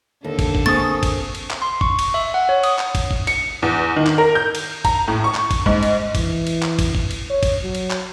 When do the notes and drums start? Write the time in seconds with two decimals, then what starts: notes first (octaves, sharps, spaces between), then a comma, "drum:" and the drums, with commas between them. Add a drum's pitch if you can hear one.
0.24 D#2 D3 A4
0.39 drum: kick, cymbal
0.55 drum: kick
0.66 A#3 C4 G#4 C#6 D#6 A6
1.03 drum: kick, cymbal
1.35 drum: cymbal
1.51 drum: clap
1.62 C6
1.81 C#6, drum: kick
1.99 drum: cymbal
2.14 E5
2.34 F#5
2.49 C#5
2.63 D#6, drum: cymbal
2.79 drum: clap
2.95 drum: kick, cymbal
3.11 drum: kick
3.27 C#7, drum: cymbal
3.62 E2
3.96 D#3
4.07 drum: clap
4.18 A#4
4.35 G6
4.55 drum: cymbal
4.85 A#5, drum: kick, cymbal
5.08 A2
5.24 C#6
5.35 drum: clap
5.51 drum: kick, cymbal
5.66 G#2, drum: kick
5.83 drum: cymbal
6.15 E3, drum: kick, cymbal
6.47 drum: cymbal
6.63 drum: clap
6.79 drum: kick, cymbal
6.95 drum: kick
7.11 drum: cymbal
7.30 C#5
7.43 drum: kick, cymbal
7.64 F#3
7.75 drum: cymbal
7.91 drum: clap